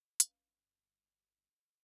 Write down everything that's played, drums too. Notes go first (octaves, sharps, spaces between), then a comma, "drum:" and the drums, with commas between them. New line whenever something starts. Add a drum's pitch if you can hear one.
G1 C#4 B4 F5, drum: hi-hat